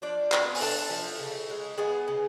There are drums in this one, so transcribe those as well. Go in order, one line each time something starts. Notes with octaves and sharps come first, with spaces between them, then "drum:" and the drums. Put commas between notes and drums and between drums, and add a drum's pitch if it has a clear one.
F3 D4 D5
B3, drum: clap
G#5, drum: open hi-hat
D4 A4 A5
F3
C#3
G#3
B3 G#4 G#5
C#3